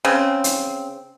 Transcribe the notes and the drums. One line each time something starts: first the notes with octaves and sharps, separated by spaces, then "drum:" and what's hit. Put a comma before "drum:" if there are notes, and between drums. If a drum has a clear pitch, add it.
C#3 C4
drum: hi-hat